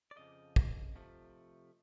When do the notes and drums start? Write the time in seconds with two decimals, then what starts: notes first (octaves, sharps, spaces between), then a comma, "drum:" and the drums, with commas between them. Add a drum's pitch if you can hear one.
0.11 D5
0.17 F2 C#3 F3 D#5
0.56 drum: kick
0.95 C3 F3 A3